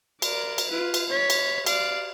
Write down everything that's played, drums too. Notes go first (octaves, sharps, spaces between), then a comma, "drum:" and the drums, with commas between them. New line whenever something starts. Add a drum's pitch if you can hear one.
A#4 D5, drum: cymbal
drum: cymbal
F4 B4
drum: cymbal
C#5 B6
drum: cymbal
D5 F5, drum: cymbal